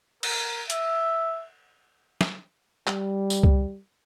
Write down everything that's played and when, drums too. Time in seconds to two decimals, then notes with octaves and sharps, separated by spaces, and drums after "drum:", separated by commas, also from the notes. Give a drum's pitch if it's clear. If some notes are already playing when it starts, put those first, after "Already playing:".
0.23 A#4, drum: cymbal
0.70 E5, drum: hi-hat
2.21 drum: snare
2.87 G3, drum: clap
3.30 drum: tambourine
3.43 drum: kick C2